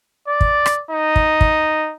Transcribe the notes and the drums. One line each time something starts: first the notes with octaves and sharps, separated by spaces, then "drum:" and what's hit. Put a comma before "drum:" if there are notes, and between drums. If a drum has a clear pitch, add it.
D5
drum: kick
drum: rim click
D#4
drum: kick
drum: kick